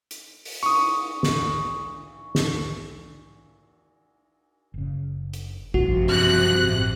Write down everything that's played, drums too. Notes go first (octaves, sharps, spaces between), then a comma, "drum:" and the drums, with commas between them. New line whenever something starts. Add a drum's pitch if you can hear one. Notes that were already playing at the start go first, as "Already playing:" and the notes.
drum: hi-hat
drum: open hi-hat
C#6 D#6, drum: cymbal
drum: snare
drum: snare
F#1 C#3
drum: hi-hat
A#1 G2 C3 F3 A3 F#4, drum: kick A1
B2 F#3 F#6, drum: cymbal
A1